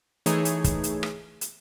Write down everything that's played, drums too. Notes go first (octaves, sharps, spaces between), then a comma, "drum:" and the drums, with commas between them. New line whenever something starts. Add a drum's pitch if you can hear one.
E3 A3 D#4 G#4 C#5, drum: hi-hat
drum: hi-hat
drum: kick, hi-hat
drum: hi-hat
drum: rim click
drum: hi-hat